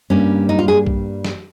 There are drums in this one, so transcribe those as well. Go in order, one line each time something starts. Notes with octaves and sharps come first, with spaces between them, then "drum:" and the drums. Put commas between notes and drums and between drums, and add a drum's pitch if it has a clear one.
G2 G3 A#3 C#4
D#4
F4
G#4
drum: kick
drum: snare